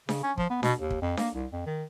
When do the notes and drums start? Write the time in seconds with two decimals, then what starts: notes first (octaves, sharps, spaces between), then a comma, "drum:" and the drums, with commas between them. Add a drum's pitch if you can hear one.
0.09 C#3, drum: snare D4
0.23 C#4
0.38 F3, drum: kick
0.50 B3
0.63 B2, drum: snare D4
0.79 D#2
0.90 drum: kick
1.01 F2
1.17 A#3, drum: snare D4
1.35 C2
1.53 F2
1.66 D#3